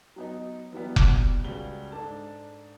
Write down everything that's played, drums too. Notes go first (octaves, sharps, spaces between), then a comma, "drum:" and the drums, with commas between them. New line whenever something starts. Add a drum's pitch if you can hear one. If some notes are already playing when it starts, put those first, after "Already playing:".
F#3 B3 D#4
E3 F#3 G3 B3
drum: kick F1
C#2 G3 F#4 G7
G#2 D4 A4 A5